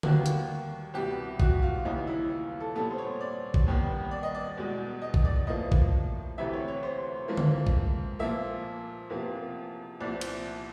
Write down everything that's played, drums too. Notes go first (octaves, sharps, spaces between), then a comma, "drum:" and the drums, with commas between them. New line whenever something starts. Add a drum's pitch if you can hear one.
D#2 D#3 G3 A#3 F#4, drum: tom D3
drum: hi-hat
C2 B2 G3 B3 G4
F#4, drum: kick
F4
D#2 C#3 E3 D#4
E4
F4
A4
A#2 G3 B3 A4
C5
C#5
D5
drum: kick
D#2 D#3 G3 B3
D5
D#5
D5
E2 B2 G#3
D#5
drum: kick
D5
A2 F3 A#3 D#5
drum: kick
D2 C3 E3 E5
C#5
C#5
C5
G#2 F3 A#3
drum: tom D3
drum: kick
A#2 F3 A#3 E5
E2 C3 F3 A#3
C2 A#2 F3 D5
drum: cymbal